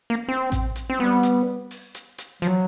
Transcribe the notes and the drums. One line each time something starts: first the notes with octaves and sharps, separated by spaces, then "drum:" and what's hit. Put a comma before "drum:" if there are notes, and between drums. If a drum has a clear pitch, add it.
A#3
C4
drum: kick A1, hi-hat
drum: hi-hat
C4
G3 B3
drum: hi-hat
drum: open hi-hat
drum: hi-hat
drum: hi-hat
F3 F#3, drum: hi-hat